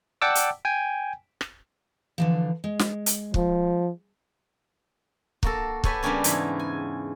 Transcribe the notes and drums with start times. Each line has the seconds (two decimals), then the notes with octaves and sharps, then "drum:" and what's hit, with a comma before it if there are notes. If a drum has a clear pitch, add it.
0.21 D5 F#5 G5 A5 D6 E6
0.35 drum: hi-hat
0.65 G5 G#5
1.41 drum: rim click
2.18 D3 E3 F3
2.64 G#3
2.79 drum: snare
3.06 drum: hi-hat
3.34 F3, drum: kick
5.43 A#3 F#4 A4, drum: kick
5.84 G4 A4 B4 C#5 F#5 G#5, drum: kick
6.03 C#3 G3 A#3 B3 C#4 D4
6.24 E2 G#2 E4 B4, drum: hi-hat
6.59 G#5